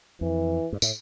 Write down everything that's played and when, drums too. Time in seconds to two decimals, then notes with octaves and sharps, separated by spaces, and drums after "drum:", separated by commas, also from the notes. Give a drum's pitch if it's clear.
0.21 F2 E3
0.73 G2
0.82 A2, drum: tambourine